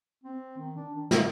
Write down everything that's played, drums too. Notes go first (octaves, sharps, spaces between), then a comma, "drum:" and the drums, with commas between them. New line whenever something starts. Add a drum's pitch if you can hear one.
C4
D#3
D4
D#3
D3, drum: snare